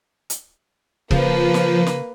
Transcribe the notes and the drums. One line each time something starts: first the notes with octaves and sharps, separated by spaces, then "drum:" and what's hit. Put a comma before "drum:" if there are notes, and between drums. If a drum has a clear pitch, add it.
drum: hi-hat
C#3 F3 A#3 B4, drum: kick
drum: snare
drum: snare